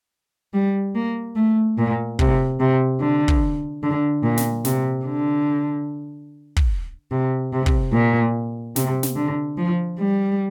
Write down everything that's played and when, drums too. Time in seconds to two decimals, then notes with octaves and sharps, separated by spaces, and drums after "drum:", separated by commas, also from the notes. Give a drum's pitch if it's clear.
0.54 G3
0.95 A#3
1.36 A3
1.78 A#2
2.19 C3, drum: kick
2.60 C3
3.00 D3
3.28 drum: kick
3.83 D3
4.23 A#2
4.37 drum: snare
4.65 C3, drum: snare
5.05 D3
6.56 drum: kick
7.11 C3
7.53 C3
7.66 drum: kick
7.93 A#2
8.76 C3, drum: snare
9.03 drum: snare
9.16 D3
9.58 F3
9.99 G3